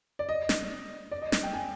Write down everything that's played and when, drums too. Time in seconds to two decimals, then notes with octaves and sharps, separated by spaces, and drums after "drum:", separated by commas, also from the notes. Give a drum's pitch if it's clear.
0.19 D5
0.29 D#5
0.49 drum: snare
1.11 D5
1.22 D#5
1.32 drum: snare
1.43 G5
1.54 G#5